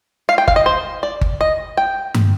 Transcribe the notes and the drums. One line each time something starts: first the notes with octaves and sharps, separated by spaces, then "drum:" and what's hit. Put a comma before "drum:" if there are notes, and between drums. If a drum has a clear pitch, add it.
F5
G5
F5, drum: kick G1
D#5
C5
D5
drum: kick G1
D#5
G5
drum: tom G2